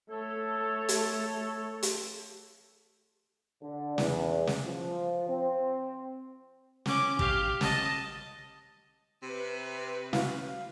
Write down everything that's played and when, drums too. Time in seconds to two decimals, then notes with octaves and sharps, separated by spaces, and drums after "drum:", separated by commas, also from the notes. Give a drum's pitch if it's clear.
0.11 A3 A4 C#5
0.89 drum: hi-hat
1.83 drum: hi-hat
3.63 D3
3.98 E2, drum: snare
4.47 drum: snare
4.67 F3
5.29 C4
6.86 C#4 D6, drum: snare
7.19 G4 F5, drum: kick
7.61 D#5 A5, drum: snare
9.22 C3 B4
10.13 E4 F#4 F5, drum: snare